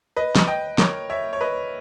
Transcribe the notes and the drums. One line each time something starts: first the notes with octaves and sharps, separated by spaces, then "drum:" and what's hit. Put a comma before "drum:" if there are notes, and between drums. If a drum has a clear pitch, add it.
B4 D#5
drum: snare
D#5 G5
A#4 C#5, drum: snare
C#5 E5
C#5
B4 D#5